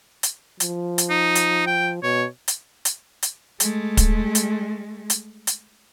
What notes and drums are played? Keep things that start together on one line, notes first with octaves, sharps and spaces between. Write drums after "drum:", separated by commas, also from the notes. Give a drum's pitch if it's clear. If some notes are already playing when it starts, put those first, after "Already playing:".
drum: hi-hat
F3, drum: hi-hat
drum: hi-hat
D#4
drum: hi-hat
G5
B2 C#5
drum: hi-hat
drum: hi-hat
drum: hi-hat
G#3 A3, drum: hi-hat
drum: kick, hi-hat
drum: hi-hat
drum: hi-hat
drum: hi-hat